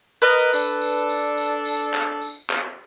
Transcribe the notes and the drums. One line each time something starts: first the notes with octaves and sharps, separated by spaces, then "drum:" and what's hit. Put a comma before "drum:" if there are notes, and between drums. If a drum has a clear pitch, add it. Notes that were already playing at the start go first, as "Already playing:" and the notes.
A#4 B4 D#5
D4 A4, drum: tambourine
drum: tambourine
drum: tambourine
drum: tambourine
drum: tambourine
drum: clap
drum: tambourine
drum: clap